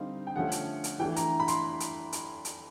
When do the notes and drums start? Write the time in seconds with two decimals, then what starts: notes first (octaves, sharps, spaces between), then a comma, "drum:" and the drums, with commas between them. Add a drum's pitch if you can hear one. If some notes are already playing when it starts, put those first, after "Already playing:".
Already playing: D3 G3 C4 D#4 F5
0.27 G5
0.36 D3 F3 A3 C#4 F#5
0.52 drum: hi-hat
0.84 drum: hi-hat
1.00 E3 A3 D4 G5
1.16 A#5, drum: hi-hat
1.40 B5
1.48 C6, drum: hi-hat
1.80 drum: hi-hat
2.13 drum: hi-hat
2.45 drum: hi-hat